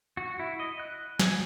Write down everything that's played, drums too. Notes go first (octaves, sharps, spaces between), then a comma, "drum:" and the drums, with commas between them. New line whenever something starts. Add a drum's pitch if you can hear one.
F#4
E4
D#5
F#6
G#5, drum: snare